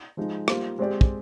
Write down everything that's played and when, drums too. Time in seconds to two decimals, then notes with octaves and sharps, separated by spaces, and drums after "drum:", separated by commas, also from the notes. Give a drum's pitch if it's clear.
0.17 F3 G#3 D#4
0.48 G3 A#3 F4 C5, drum: rim click
0.79 G#3 C4 G4 D5
1.01 drum: kick